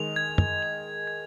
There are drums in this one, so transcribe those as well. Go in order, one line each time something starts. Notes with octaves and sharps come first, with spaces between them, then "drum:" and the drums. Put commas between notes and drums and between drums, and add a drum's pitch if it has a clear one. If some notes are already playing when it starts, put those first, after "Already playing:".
Already playing: D#3 G#3 F7
G#6
drum: tom
F7
G#6